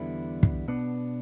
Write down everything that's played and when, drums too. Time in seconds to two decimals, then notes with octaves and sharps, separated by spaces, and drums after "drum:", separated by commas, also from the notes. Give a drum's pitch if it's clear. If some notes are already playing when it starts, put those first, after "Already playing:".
Already playing: E2 D3 G3 B3 E4
0.43 drum: kick
0.68 B2 B3 D4